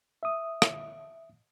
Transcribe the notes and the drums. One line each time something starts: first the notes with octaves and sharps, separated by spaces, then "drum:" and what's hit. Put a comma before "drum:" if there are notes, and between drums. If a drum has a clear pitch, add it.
E5 D#6
drum: rim click